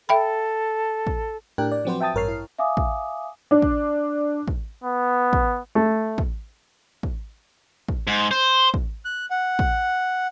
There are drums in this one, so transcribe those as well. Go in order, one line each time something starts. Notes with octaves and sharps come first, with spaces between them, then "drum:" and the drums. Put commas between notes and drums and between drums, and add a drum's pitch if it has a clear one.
A4 E5 G5 B5
drum: kick
A2 D4 G4 A#4 G5 F#6
D5
F3 F#3 C4 F#4 B4 C5
E5 G5 A5 D#6 A6
A1 G2 A#4 C#5 F6 C7
E4
E5 F5 G#5 D6 D#6
drum: kick
D4
drum: kick
drum: kick
B3
drum: kick
A3
drum: kick
drum: kick
drum: kick
G#2
C5
drum: kick
F#6
F#5
drum: kick